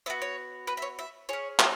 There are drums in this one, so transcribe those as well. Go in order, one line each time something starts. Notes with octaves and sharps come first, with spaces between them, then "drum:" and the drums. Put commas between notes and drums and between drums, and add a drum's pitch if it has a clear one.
B3 F#4 E5
C#5
B4
E5
C#5
E5
C#4 G#4 C#5
drum: clap